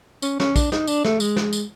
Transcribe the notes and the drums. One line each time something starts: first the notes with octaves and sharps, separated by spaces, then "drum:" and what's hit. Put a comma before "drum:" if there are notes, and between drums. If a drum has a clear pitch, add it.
C#4, drum: tambourine
C#4, drum: snare
D4, drum: kick, tambourine
D#4, drum: snare
D4, drum: tambourine
A3, drum: snare
G#3, drum: tambourine
drum: snare
drum: tambourine